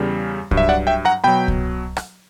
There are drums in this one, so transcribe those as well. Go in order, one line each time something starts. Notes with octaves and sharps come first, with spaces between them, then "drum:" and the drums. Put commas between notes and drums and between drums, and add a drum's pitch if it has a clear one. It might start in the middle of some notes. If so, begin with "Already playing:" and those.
Already playing: E2 C#3 G3
G2 F#3, drum: kick C2
E5
D5 F#5
E5 G5
F#5 A#5
B2 F#3 G5 B5
drum: kick C2
drum: rim click